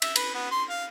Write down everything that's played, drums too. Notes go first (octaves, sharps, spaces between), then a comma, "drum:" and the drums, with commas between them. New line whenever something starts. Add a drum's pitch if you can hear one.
E5, drum: cymbal
B4, drum: cymbal
B3
C6
F5